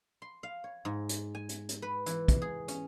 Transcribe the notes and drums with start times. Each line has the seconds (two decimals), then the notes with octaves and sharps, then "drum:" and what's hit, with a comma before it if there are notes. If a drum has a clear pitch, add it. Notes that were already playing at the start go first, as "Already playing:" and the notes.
0.22 C6
0.43 F5
0.64 C#5
0.85 G#2
1.09 drum: hi-hat
1.35 G#5
1.49 drum: hi-hat
1.69 drum: hi-hat
1.82 B4
2.06 E3, drum: hi-hat
2.28 drum: kick, hi-hat
2.42 G#4
2.68 C#4, drum: hi-hat